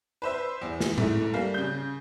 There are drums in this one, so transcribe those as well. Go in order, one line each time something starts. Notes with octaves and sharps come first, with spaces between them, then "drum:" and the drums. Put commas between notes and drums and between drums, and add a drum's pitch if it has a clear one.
B4 C5 E5
E2
drum: snare
G#2 A3 E4, drum: tom A2
G3 A#3 F5
C#3 G6